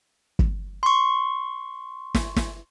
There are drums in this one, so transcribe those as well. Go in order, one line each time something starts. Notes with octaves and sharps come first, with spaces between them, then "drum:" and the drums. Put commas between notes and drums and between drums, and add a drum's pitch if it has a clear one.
drum: kick
C6 C#6
drum: snare
drum: snare